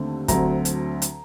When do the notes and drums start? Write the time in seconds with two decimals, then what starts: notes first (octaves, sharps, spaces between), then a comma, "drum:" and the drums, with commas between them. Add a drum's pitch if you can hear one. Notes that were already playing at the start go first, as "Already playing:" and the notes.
Already playing: D#2 D3 A3 C4
0.28 D2 D3 F#3 C4 A#5, drum: kick, hi-hat
0.65 drum: hi-hat
1.02 drum: hi-hat